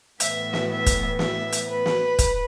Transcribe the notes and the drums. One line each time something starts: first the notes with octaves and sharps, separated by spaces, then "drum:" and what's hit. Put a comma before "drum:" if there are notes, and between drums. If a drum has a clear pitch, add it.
A2 E3 B3 E5, drum: hi-hat
drum: snare
E5
drum: kick, hi-hat
E5, drum: snare
drum: hi-hat
B4
drum: snare
drum: kick, hi-hat